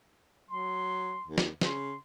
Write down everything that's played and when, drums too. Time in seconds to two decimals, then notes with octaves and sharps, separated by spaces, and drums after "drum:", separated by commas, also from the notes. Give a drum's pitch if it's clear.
0.49 F#3 C6
1.27 D#2
1.38 drum: snare
1.61 C#3 C6, drum: snare